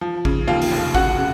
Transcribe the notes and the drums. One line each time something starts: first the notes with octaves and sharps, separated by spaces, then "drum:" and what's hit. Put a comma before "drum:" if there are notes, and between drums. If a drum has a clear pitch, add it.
F3
C#3, drum: kick
D#2 F4 F5
drum: open hi-hat
F1
C#3 F#4 F#5, drum: kick
C#3